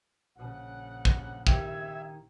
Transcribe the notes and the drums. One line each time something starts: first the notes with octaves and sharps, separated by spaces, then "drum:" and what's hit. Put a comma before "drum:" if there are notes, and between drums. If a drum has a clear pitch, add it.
A#1 C#3 F#5
drum: kick
D#3 G4 E5 G#6, drum: kick